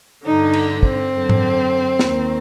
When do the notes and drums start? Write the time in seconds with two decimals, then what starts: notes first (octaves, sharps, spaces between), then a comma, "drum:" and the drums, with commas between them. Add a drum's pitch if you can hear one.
0.25 G2 D3 D#4
0.53 drum: cymbal
0.83 C4, drum: kick
1.12 F#2 D3
1.29 drum: tom G#2
1.99 D#2 D#3, drum: snare